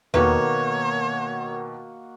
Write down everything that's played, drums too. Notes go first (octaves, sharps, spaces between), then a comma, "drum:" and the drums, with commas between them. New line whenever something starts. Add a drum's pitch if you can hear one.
B2 D#3 A#3 F#4 B4 C#5 D#5, drum: tom E2